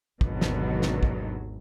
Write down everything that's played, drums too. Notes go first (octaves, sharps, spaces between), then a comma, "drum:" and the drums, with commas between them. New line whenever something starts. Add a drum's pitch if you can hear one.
G#1 D#2 B2 D3 F#3, drum: kick
drum: snare
drum: snare
drum: kick